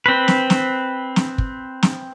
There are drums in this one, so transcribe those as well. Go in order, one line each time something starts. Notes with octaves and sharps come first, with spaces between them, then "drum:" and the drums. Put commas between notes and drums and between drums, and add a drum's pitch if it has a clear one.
C4 B4
drum: snare
drum: snare
drum: snare
drum: kick
drum: snare